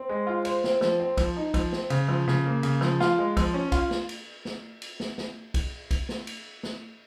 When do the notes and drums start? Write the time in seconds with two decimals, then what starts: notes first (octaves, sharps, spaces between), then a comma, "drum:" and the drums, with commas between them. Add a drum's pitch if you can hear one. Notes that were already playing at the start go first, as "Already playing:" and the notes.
Already playing: C4
0.09 G#3
0.27 F4
0.45 C5, drum: cymbal
0.64 C4, drum: snare
0.81 F3, drum: snare
1.00 C4
1.17 F3, drum: kick, cymbal
1.37 D#4
1.54 F3, drum: kick, cymbal
1.72 C4, drum: snare
1.90 C#3, drum: cymbal
2.08 F3
2.28 C#3, drum: snare
2.46 A#3
2.63 C#3, drum: cymbal
2.81 F3, drum: snare
3.00 F4, drum: snare
3.18 G#3
3.37 F3, drum: kick, cymbal
3.54 C#4
3.72 F4, drum: kick, cymbal
3.91 drum: snare
4.09 drum: cymbal
4.45 drum: snare
4.82 drum: cymbal
5.00 drum: snare
5.18 drum: snare
5.54 drum: kick, cymbal
5.91 drum: kick, cymbal
6.09 drum: snare
6.27 drum: cymbal
6.63 drum: snare